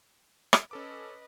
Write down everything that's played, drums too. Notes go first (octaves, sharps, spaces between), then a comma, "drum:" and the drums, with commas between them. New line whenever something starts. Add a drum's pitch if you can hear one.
drum: rim click
C#4 A4 B4 D#5 D6